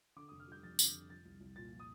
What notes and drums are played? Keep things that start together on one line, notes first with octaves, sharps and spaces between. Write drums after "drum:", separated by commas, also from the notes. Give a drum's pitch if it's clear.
D3 D6
F1 D#6
F6
G3 G6
F2 A6
D3, drum: tambourine
F1
F3 A6
C2
C2
A#2 A6
F3
D#6